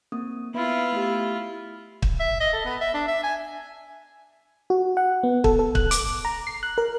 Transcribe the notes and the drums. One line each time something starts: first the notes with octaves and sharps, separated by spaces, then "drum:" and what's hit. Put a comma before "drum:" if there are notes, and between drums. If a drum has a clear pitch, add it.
A#3 C4 D#6
B3 E4 F4 B4 E5
A3 G4
drum: kick
E5
D#5
A4
B3
E5
D4
E5
G#5
F#4
F#5
B3
A4, drum: kick
A4
F#6, drum: kick
D6, drum: hi-hat
A#5
C7
F#6
A#4